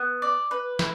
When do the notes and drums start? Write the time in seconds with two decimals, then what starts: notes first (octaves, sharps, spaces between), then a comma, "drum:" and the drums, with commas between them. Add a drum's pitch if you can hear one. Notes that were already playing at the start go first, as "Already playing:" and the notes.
Already playing: B3
0.22 D5
0.51 B4
0.79 E4, drum: snare